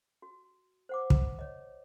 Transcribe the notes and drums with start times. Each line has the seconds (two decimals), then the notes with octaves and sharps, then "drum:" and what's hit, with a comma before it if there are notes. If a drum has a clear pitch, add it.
0.22 F#4
0.89 C5 F#5 D6
1.10 drum: kick
1.39 C#5 D#5